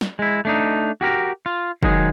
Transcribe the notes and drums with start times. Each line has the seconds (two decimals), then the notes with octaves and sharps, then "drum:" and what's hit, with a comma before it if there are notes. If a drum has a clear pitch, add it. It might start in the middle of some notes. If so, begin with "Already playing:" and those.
0.01 drum: snare
0.19 G#3 E4
0.45 A3 D4 D#4
1.01 F#4 G4 A#4
1.46 F4
1.83 D#3 F#3 G#3 G#4, drum: kick